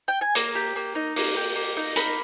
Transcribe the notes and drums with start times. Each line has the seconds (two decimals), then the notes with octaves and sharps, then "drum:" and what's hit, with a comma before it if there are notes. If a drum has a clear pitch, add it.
0.08 G5
0.21 G#5
0.35 A#3 A#5, drum: hi-hat
0.55 G4
0.76 A#3
0.95 D#4
1.16 A#3, drum: open hi-hat
1.37 G4
1.56 A#3
1.77 D#4
1.96 A#3 B5, drum: hi-hat